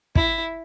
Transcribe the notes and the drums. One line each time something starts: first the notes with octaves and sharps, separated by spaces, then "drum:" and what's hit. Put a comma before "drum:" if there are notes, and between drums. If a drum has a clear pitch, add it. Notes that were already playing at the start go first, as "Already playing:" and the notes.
E4, drum: kick